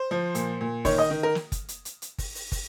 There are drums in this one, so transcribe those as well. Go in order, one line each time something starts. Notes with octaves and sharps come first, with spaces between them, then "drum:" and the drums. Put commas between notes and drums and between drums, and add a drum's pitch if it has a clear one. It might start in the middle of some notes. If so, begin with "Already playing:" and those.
Already playing: C5
F3
A#2, drum: hi-hat
A#2
D#3 C#5, drum: kick, open hi-hat
D#5
D#3
A#4
drum: snare
drum: kick, hi-hat
drum: hi-hat
drum: hi-hat
drum: hi-hat
drum: kick, open hi-hat
drum: open hi-hat
drum: kick, open hi-hat